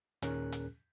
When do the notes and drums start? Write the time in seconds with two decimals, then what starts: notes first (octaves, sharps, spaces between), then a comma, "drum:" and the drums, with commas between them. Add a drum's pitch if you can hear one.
0.22 D#2 A#2 C#4 G#4 A#4 F#6, drum: hi-hat
0.52 drum: hi-hat